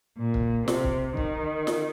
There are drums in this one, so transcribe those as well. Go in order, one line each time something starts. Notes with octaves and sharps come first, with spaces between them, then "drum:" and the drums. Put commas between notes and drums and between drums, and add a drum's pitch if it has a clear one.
A#2
drum: kick
C3, drum: snare
drum: kick
D#3, drum: kick
drum: snare